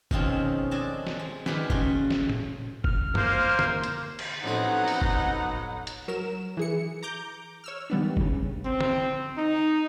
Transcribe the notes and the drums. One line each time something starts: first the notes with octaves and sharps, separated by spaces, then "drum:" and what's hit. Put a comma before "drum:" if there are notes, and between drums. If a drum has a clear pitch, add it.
B2 D#3 F3 G#3 C4 C#4, drum: kick F#1
C4 D4 A4 D#5 G#5 A5
drum: snare
G#3
D#3 G3 G4 G#4 B4, drum: snare
C#3 A3 F#4 C#5 C6, drum: kick F#1
drum: snare
drum: tom A2
F6, drum: kick F#1
A#3 C5, drum: tom F#2
drum: tom
drum: hi-hat
drum: cymbal
A1 F2 F#3 B3 D#4 F#5 G#5
drum: open hi-hat
drum: kick F#1
drum: hi-hat
F#3 A#4 E7
E3 G#4 C#7
A#5 D6 G6
C#5 E6 F6
D#3 G3 B3 D4
A1 C#3, drum: kick F#1
C4
drum: tom
D#4